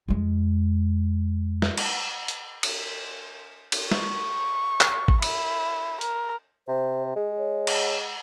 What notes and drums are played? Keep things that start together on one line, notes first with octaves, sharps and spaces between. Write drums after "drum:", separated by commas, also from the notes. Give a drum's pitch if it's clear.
F2 G#3
drum: snare
drum: cymbal
drum: hi-hat
drum: cymbal
drum: cymbal
C#6, drum: snare
drum: clap
drum: kick G#1
E4, drum: cymbal
A#4, drum: hi-hat
C3 C5
G#3 G#4
C#5
drum: cymbal